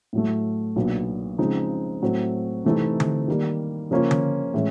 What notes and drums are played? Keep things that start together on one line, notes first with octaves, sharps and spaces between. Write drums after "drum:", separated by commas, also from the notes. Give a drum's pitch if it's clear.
A2 F#3 A3
B1 A#2 F#3 B3 D4
C#3 F3 G#3 C4 D#4
A2 F#3 A3 C4
C3 E3 A3 C4 D#4
drum: tom D3
D#3 G3 A#3
C#3 F3 A#3 C#4 F4
drum: tom D3
A2 E3 G#3 C#4